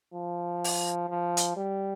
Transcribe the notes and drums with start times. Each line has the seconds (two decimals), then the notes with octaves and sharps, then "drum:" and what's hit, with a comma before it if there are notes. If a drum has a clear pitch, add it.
0.14 F3
0.64 drum: open hi-hat
1.09 F3
1.37 drum: hi-hat
1.56 G3